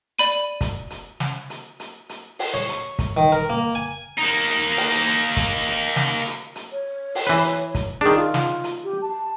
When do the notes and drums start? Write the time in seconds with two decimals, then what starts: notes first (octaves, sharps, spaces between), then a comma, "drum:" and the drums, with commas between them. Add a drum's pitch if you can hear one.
0.19 D5 B5 D#7
0.61 drum: kick, hi-hat
0.90 drum: hi-hat
1.20 drum: snare
1.50 drum: hi-hat
1.80 drum: hi-hat
2.09 drum: hi-hat
2.39 drum: open hi-hat
2.54 C#5
2.69 drum: hi-hat
2.99 drum: kick, hi-hat
3.17 D#3
3.32 A#4
3.50 A#3
3.75 G#5
4.18 A#3 D#4
4.47 drum: hi-hat
4.77 drum: open hi-hat
5.07 drum: hi-hat
5.37 drum: kick, hi-hat
5.66 drum: hi-hat
5.96 drum: snare
6.26 drum: hi-hat
6.56 drum: hi-hat
6.72 C#5
7.15 drum: open hi-hat
7.27 E3 B4
7.45 drum: hi-hat
7.75 drum: kick, hi-hat
8.01 D#3 D4 G#4
8.16 F4
8.34 drum: snare
8.64 drum: hi-hat
8.84 G4
9.02 A5